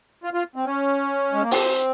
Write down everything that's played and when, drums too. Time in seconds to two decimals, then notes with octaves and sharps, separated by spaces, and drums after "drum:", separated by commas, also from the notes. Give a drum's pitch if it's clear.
0.24 F4
0.34 F4
0.56 C4
0.66 C#4
1.33 G#3
1.42 A#3
1.51 C4, drum: open hi-hat